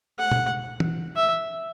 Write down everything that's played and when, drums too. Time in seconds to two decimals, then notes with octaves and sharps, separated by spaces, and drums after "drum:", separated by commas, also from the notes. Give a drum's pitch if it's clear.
0.19 F#5
0.32 drum: tom B2
0.80 drum: tom
1.16 E5